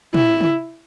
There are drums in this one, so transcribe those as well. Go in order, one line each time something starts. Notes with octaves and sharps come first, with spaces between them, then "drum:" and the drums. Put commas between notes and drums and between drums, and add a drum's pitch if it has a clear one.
E4, drum: tom
drum: tom